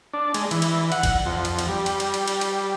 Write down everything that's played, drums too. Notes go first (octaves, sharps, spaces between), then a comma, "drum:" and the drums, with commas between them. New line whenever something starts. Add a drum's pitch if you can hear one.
D4
G#3, drum: cymbal
E3, drum: cymbal
drum: cymbal
F#5, drum: cymbal
drum: kick A#1, cymbal
F2
drum: cymbal
drum: cymbal
G3
drum: cymbal
drum: cymbal
drum: cymbal
drum: cymbal
drum: cymbal